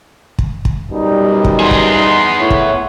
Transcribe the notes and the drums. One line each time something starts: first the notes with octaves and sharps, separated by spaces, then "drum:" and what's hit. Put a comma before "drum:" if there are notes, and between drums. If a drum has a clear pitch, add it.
drum: kick
drum: kick
F#2 B2 G3 D#4
drum: kick
B3 G#4 C6
drum: kick
A2 E4 C#5
drum: kick